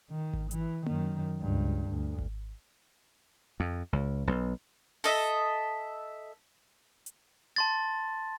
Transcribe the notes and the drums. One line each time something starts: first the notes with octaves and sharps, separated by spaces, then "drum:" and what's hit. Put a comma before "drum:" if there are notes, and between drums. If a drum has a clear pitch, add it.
D#3
drum: kick G#1
E3, drum: hi-hat
F#2 D#3, drum: tom A#3
C#2 G2
D2
drum: kick G#1
F2
C#2
B1
A4 D#5 E5, drum: open hi-hat
drum: hi-hat
A5 C6 A6